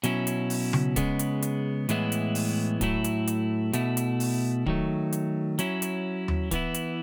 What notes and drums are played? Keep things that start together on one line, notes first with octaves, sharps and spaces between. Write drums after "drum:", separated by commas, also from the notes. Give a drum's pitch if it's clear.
B2 F#3 C#4 E4, drum: hi-hat
drum: hi-hat
drum: open hi-hat
drum: tom C#3
C#3 G#3 B3, drum: kick, hi-hat
drum: hi-hat
drum: hi-hat
A2 E3 G#3 B3 E4, drum: hi-hat
drum: hi-hat
drum: open hi-hat
A2 F#3 A3 E4, drum: kick, hi-hat
drum: hi-hat
drum: hi-hat
B2 A3 E4, drum: hi-hat
drum: hi-hat
drum: open hi-hat
D#3 F#3 A3, drum: kick
drum: hi-hat
F#3 C#4 E4, drum: hi-hat
drum: hi-hat
drum: tom D#2
E3 B3 E4, drum: kick, hi-hat
drum: hi-hat